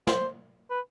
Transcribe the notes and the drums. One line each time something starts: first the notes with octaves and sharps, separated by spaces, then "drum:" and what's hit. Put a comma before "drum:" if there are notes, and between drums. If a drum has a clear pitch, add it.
C5, drum: snare
B4